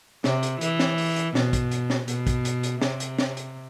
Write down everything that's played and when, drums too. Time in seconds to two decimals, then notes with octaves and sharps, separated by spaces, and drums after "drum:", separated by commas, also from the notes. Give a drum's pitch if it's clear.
0.24 C3, drum: snare
0.43 drum: hi-hat
0.61 E3, drum: hi-hat
0.79 drum: snare
0.98 drum: open hi-hat
1.16 drum: hi-hat
1.35 B2, drum: snare
1.53 drum: kick, hi-hat
1.71 drum: hi-hat
1.90 drum: snare
2.08 B2, drum: hi-hat
2.27 drum: kick, hi-hat
2.45 drum: hi-hat
2.63 drum: hi-hat
2.82 C3, drum: snare
3.00 drum: hi-hat
3.19 drum: snare
3.37 drum: hi-hat